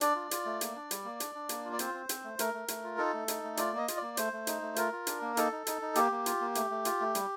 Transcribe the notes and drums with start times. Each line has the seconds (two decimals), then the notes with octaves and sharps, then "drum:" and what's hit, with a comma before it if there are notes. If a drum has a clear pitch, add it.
0.01 D4 D5, drum: hi-hat
0.16 F4
0.31 F4, drum: hi-hat
0.45 A3
0.61 A#3, drum: hi-hat
0.76 D4
0.91 G3, drum: hi-hat
1.04 A#3
1.20 D4, drum: hi-hat
1.35 D4
1.49 A#3, drum: hi-hat
1.65 F4
1.73 D5
1.79 C4 C5, drum: hi-hat
1.94 C4
2.09 C4, drum: hi-hat
2.24 A3
2.39 A3 A#4, drum: hi-hat
2.54 A3
2.68 A3, drum: hi-hat
2.84 F4
2.98 D#4 A4
3.14 A3
3.28 D#4, drum: hi-hat
3.43 A3
3.57 F4 D5, drum: hi-hat
3.73 A#3 D#5
3.88 F4, drum: hi-hat
3.97 D5
4.02 A#3
4.17 A3 C5, drum: hi-hat
4.33 A3
4.47 D#4, drum: hi-hat
4.62 A3
4.76 F4 A#4, drum: hi-hat
4.92 F4
5.07 D4, drum: hi-hat
5.22 A#3
5.37 D#4 A4, drum: hi-hat
5.52 D#4
5.67 D#4, drum: hi-hat
5.82 D#4
5.95 A#3 G4, drum: hi-hat
6.11 A#3
6.26 F4, drum: hi-hat
6.41 A#3
6.55 A3, drum: hi-hat
6.71 A3
6.85 F4, drum: hi-hat
7.01 A3
7.15 G3, drum: hi-hat